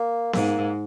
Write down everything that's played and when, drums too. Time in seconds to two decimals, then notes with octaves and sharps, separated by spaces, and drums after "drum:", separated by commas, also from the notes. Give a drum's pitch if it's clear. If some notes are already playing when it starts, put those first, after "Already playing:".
Already playing: A#3
0.33 G#2 A#3, drum: snare B3